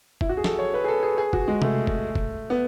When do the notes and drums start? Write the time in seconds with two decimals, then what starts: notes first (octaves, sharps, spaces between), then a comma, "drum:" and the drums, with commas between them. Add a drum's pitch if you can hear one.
0.21 E4, drum: kick
0.29 F#4
0.37 G#4
0.44 A4, drum: snare
0.59 C#5
0.74 B4
0.84 G#4
0.88 A4
1.03 G#4
1.18 G#4
1.33 F#4, drum: kick
1.48 G#3
1.62 A3, drum: tom C3
1.87 drum: kick
2.15 drum: kick
2.50 B3